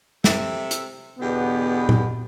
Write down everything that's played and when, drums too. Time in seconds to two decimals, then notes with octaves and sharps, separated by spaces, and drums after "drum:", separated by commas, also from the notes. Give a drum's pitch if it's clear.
0.24 C3 A4 E5, drum: snare
0.71 drum: hi-hat
1.20 E2 B2 D3 B3 G4
1.89 drum: tom A#2